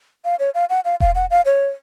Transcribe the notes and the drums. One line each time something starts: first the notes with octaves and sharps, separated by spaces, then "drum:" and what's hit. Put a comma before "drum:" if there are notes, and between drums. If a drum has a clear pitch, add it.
F5
C#5
F5
F#5
F5
F5, drum: kick E1
F#5
F5
C#5